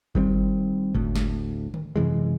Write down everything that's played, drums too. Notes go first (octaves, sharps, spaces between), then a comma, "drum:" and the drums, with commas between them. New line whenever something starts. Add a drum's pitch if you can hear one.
D#3 G3 A#3 C4, drum: kick G1
D2 A2, drum: kick G1
drum: snare
drum: tom D3
F#2 C3 E3 G#3